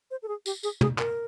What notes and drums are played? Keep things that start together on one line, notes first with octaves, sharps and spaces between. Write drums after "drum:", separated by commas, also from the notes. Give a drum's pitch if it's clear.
C5
A4
G#4
G4, drum: tambourine
G#4, drum: tambourine
G#4, drum: tom
A#4, drum: clap